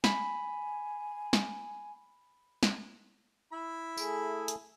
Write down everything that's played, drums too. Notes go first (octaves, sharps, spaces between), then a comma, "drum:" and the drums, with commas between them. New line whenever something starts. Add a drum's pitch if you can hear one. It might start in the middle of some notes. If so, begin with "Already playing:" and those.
G#5 B5, drum: snare
drum: snare
drum: snare
E4 B5
A3 G#4, drum: tambourine
drum: hi-hat